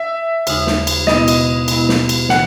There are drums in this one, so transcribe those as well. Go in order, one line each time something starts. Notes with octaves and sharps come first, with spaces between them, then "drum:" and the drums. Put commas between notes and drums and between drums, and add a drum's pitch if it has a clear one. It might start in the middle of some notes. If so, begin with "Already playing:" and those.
Already playing: E5
D#2 C#3 G#3 D#4, drum: cymbal
drum: snare
drum: cymbal
B2 G#3 B3 E4 D#5, drum: snare
drum: cymbal
B2 G#3 B3 E4, drum: cymbal
drum: snare
drum: cymbal
C#3 E3 F#5, drum: snare